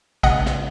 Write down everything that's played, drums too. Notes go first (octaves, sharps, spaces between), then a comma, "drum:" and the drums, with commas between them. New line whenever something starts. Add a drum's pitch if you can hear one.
C#2 D#5 F#5, drum: kick A1, cymbal
drum: snare